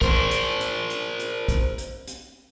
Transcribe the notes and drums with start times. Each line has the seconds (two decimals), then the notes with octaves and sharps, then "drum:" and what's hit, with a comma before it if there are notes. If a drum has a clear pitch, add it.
0.02 A#4 C5, drum: kick, hi-hat
0.31 drum: hi-hat
0.60 drum: hi-hat
0.90 drum: hi-hat
1.19 drum: hi-hat
1.48 drum: kick, hi-hat
1.78 drum: hi-hat
2.07 drum: hi-hat